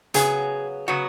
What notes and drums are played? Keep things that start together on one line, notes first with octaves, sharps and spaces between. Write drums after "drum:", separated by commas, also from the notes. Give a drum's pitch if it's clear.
C#3 F#3 B3 G#4, drum: hi-hat
C#3 F#3 B3 F#4